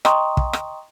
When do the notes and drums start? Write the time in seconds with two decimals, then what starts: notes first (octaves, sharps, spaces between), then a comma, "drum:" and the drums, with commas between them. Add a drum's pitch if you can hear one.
0.05 D#5 G5 A#5 C6 C#6 D#6, drum: rim click
0.37 drum: kick
0.53 drum: rim click